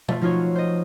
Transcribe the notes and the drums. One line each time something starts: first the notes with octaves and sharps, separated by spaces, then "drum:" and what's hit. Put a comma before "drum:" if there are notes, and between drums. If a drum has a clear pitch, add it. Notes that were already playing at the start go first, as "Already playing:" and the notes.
A3 F4, drum: tom
F3 D#4 F4 F#4 C#5
C5 D#5